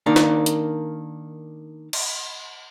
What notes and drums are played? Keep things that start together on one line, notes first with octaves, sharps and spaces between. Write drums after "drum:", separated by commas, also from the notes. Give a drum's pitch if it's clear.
D#3 A#3 D4
drum: snare
drum: hi-hat
drum: cymbal